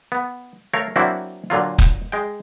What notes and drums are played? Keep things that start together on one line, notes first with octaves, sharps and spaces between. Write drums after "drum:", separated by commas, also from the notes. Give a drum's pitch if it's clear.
B3
A3 A#4 C#5 F5
F#3 A#3 C4 D4 E4 F#4
A#2 D3 F#3 F4
drum: kick
G#3 G5